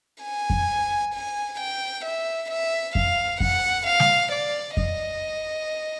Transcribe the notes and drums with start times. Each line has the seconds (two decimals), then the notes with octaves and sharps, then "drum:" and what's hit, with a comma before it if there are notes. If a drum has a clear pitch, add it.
0.23 G#5
0.50 drum: kick F2
1.13 G#5
1.59 G5
2.04 E5
2.50 E5
2.95 F5, drum: kick F2
3.40 F#5, drum: kick F2
3.86 F5
4.00 drum: snare
4.31 D5
4.77 D#5, drum: kick F2